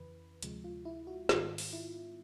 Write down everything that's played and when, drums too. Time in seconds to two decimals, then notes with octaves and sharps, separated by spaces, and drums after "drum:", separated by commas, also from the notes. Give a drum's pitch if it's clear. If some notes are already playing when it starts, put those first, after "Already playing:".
Already playing: F2 C#3 E3 B4
0.42 D2 C3 F3 G#3, drum: hi-hat
0.64 F4
0.85 E4
1.07 F#4
1.29 G#2 D#3 G3 B3 F4, drum: snare
1.58 drum: open hi-hat
1.73 E4